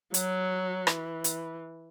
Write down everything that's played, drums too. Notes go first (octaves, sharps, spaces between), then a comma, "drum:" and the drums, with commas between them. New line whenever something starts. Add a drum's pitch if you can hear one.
F#3, drum: hi-hat
E3, drum: rim click
drum: hi-hat